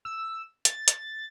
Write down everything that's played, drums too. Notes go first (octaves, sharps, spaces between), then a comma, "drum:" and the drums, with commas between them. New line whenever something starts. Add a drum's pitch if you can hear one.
E6
A6, drum: hi-hat
drum: hi-hat